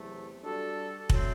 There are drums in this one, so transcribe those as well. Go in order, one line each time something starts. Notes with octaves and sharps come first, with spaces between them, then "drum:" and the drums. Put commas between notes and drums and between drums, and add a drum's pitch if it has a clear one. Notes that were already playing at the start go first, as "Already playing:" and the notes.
Already playing: E2 C3 F#3 A3
G3 D4 F#4 A4
F#3 A3 C4, drum: kick